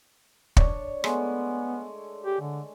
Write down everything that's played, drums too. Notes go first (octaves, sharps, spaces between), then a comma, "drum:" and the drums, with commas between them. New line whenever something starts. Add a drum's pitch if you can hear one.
D4 C#5, drum: kick
G#3 A3 B3, drum: rim click
G4
D3